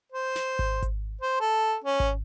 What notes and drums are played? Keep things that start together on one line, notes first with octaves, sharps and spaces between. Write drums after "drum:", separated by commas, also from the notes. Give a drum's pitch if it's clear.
C5
drum: snare
drum: kick G#1
drum: kick G#1, hi-hat
C5
A4
C#4
drum: kick G#1